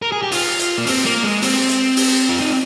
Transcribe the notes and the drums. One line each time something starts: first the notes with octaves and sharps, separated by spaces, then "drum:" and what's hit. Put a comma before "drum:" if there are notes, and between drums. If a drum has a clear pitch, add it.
A#4
G#4
G4
F4, drum: open hi-hat
drum: hi-hat
A#3
C4, drum: open hi-hat
A#3
G#3
C4, drum: open hi-hat
drum: hi-hat
drum: open hi-hat
F4
D#4